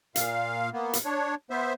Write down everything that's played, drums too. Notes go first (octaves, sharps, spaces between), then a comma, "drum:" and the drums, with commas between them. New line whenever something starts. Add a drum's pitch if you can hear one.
A#2 F5, drum: hi-hat
A#3 B3
drum: hi-hat
D4 C#5
B3 C5 E5